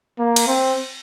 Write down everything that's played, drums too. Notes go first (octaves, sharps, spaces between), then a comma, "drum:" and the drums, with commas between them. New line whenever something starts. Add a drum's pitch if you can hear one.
A#3
drum: cymbal
C4